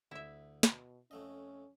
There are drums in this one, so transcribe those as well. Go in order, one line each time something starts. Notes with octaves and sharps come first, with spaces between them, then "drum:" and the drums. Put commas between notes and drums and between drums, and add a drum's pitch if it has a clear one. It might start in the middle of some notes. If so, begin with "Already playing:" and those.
D2 E4 E5
B2, drum: snare
F2 A3 C#4 D#5